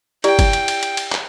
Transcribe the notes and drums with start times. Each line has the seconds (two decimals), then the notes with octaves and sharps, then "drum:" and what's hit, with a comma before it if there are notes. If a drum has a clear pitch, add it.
0.24 E4 G4 D5 G5, drum: cymbal
0.39 drum: kick, cymbal
0.53 drum: cymbal
0.68 drum: cymbal
0.83 drum: cymbal
0.97 drum: cymbal
1.12 drum: clap